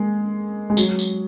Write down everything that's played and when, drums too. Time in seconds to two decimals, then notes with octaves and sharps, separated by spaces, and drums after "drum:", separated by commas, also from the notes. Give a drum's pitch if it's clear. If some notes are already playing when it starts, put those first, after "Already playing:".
Already playing: G#3 A#3
0.70 G#3
0.77 F#3, drum: tambourine
0.99 drum: tambourine